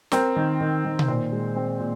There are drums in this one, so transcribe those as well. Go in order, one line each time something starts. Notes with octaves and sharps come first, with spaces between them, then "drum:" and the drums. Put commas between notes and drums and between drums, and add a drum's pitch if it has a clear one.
C4 A#4, drum: snare
D#3
D#3
D#3
drum: tom B2
A#2 C5
G#3
C4
A#2